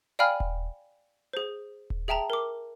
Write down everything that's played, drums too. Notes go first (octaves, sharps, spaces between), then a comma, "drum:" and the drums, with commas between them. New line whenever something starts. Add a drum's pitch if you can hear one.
D5 F5 G5 G#5 B5 F6
drum: kick D#1
G#4 C5
drum: kick D#1
G#4 E5 G5 A5 A#5
A#4 D6